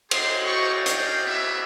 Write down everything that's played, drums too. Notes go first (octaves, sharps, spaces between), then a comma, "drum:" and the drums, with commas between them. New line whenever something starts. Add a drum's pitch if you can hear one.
G4 G#4 C6, drum: cymbal
G#4 D#5 G5 C#6
G#4 A#4 D5 F5 G5, drum: hi-hat
B3 C#4 E5